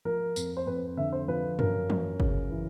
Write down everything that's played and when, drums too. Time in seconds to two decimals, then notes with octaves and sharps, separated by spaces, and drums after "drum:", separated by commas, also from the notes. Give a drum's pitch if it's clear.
0.05 F3 A#4
0.36 F2, drum: tambourine
0.57 C5
0.67 F2 B4
0.97 D3 E5
1.13 C5
1.28 F3 B4
1.59 F#2 A#4, drum: tom
1.90 F#2, drum: tom
2.20 C#3, drum: kick G1
2.51 E3